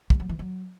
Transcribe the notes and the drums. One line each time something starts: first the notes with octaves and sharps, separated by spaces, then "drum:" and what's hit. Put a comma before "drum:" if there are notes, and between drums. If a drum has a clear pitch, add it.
G3, drum: kick
F#3
E3
F#3